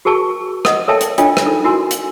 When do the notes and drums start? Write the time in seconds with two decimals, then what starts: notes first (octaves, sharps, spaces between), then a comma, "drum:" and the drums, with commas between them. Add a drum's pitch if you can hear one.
0.05 F#4 G#4 A#4 A5 C#6 D6
0.65 D#5 F#5 D#6, drum: rim click
0.88 A4 A#4 C#5 E5 G5 A5
1.01 drum: hi-hat
1.18 D4 F4 A4 C#5 D#5 G5, drum: hi-hat
1.37 drum: rim click
1.46 D#4 A4
1.64 E4 F#4 A#4 G#5 C6
1.91 drum: hi-hat